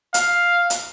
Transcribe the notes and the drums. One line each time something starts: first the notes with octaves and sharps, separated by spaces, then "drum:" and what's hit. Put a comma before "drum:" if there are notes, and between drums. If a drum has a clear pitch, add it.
F5, drum: hi-hat
drum: hi-hat